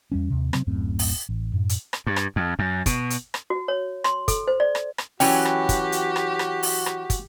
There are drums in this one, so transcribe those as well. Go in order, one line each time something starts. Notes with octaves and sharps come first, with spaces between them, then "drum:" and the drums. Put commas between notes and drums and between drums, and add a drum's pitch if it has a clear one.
E2 G3 C#4
D#2 C3
C3 F#3 C4, drum: rim click
D1 F#2 A2 C4
drum: open hi-hat
A1
F#2 A2
drum: hi-hat
drum: rim click
G2
drum: rim click
F2
F#2
B2, drum: kick, hi-hat
drum: hi-hat
drum: rim click
F#4
C#5
C6, drum: rim click
A4, drum: kick, hi-hat
C5
D5
drum: rim click
drum: rim click
E3 F#3 C#4 F#4 G4 G5, drum: open hi-hat
drum: rim click
drum: kick, hi-hat
drum: hi-hat
drum: rim click
drum: rim click
drum: open hi-hat
drum: rim click
drum: kick, hi-hat